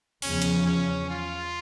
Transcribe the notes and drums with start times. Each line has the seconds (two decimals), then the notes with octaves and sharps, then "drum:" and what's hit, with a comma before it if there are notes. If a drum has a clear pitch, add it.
0.22 E2 C#3 F3 C#4, drum: open hi-hat
0.42 drum: cymbal
0.67 C#4
1.10 F4